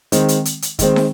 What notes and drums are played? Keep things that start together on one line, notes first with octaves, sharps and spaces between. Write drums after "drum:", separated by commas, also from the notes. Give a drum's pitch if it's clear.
D#3 G#3 C4, drum: hi-hat
drum: hi-hat
drum: hi-hat
drum: hi-hat
D#3 G#3 C4, drum: kick, hi-hat
drum: snare